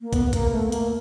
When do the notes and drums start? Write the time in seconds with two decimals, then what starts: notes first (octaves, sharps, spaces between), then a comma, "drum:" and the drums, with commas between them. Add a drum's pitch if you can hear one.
0.01 A#3
0.13 B3, drum: kick, hi-hat
0.33 A#3, drum: kick, hi-hat
0.52 A3
0.69 B3
0.72 A#3, drum: hi-hat